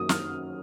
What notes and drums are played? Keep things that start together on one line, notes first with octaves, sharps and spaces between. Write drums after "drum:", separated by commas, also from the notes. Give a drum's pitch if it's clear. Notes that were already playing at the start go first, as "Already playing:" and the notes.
Already playing: F#2 D#3 F#3 A#3 D#6
F6, drum: snare